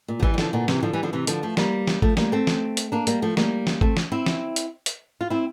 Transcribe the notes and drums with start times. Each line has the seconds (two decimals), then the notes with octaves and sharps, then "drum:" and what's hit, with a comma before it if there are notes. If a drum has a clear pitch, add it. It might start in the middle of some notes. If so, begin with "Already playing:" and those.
0.08 A#2
0.20 F3
0.23 E3 G3, drum: kick G#1
0.34 G3
0.38 D3 F3, drum: snare
0.53 A#2 D3
0.68 C3 E3, drum: snare
0.83 D3 F3
0.93 E3 G3
1.03 D3 F3
1.13 C3 E3
1.27 D3 F3, drum: hi-hat
1.43 F3 A3
1.57 G3 A#3, drum: snare
1.87 drum: snare
2.02 F3 A3, drum: kick G#1
2.17 G3 A#3, drum: snare
2.32 A3 C4
2.47 drum: snare
2.77 drum: hi-hat
2.92 A#3 D4
3.07 G3 A#3, drum: hi-hat
3.22 F3 A3
3.37 G3 A#3, drum: snare
3.67 drum: snare
3.81 A3 C4, drum: kick G#1
3.97 drum: snare
4.12 C4 E4
4.26 drum: snare
4.56 drum: hi-hat
4.86 drum: hi-hat
5.21 F4
5.30 C4 E4